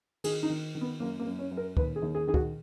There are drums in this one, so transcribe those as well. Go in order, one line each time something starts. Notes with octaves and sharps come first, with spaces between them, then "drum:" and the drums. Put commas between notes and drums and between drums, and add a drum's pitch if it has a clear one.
D#3 G#4, drum: cymbal
D#4
D#3
D#3
B3
F#2 A#3
A#3
F#2
C#4
F#2
A#4
D#2 B4, drum: kick
G#4
D#2
G#4
D#3 G#4
F#4, drum: kick